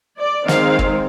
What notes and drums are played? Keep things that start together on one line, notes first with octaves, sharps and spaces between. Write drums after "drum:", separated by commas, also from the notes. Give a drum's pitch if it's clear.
D5
D#3 G#3 C4 F5, drum: snare
drum: kick